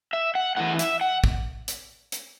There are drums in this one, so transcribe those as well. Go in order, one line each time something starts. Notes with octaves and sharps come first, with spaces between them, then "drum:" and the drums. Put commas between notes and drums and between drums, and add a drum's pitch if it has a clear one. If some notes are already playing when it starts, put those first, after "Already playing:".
E5
F#5
A2 E3 F#5
E5, drum: hi-hat
F#5
drum: kick
drum: hi-hat
drum: hi-hat